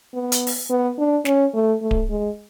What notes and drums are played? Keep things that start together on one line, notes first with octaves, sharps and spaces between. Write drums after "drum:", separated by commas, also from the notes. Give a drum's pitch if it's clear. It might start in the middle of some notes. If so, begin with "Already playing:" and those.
B3
drum: hi-hat
drum: open hi-hat
B3
D4
C#4, drum: snare
A3
A3
drum: kick D1
G#3